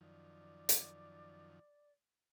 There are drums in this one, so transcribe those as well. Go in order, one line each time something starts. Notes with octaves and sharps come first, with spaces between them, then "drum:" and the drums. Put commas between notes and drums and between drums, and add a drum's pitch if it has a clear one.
F#2 D#3 F3 D5
drum: hi-hat